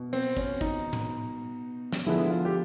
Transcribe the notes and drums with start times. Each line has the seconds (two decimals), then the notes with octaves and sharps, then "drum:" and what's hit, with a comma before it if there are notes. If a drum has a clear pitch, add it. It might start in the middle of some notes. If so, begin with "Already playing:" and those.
Already playing: B2
0.13 C4, drum: cymbal
0.37 C#4, drum: kick
0.61 D#4, drum: kick
0.93 drum: tom A2
1.92 drum: snare
2.06 D3 F3 G#3 B3 E4
2.30 F4
2.45 G4